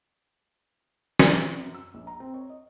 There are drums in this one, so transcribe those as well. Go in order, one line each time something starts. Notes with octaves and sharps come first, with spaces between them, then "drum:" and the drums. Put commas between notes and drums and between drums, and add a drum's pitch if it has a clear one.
C3, drum: snare
D#5
C4
F#2
E6
A#1
A#5
C4
C#5
D#5